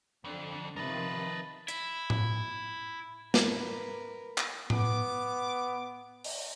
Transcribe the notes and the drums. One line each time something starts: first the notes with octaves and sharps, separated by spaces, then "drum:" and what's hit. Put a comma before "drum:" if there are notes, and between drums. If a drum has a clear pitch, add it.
F2 D3 D4
C3 D#3 F3 A#4 B4 D#5 A5
E4, drum: hi-hat
drum: tom A2
A#4 B4, drum: snare
drum: clap
B3 D6, drum: tom A2
drum: open hi-hat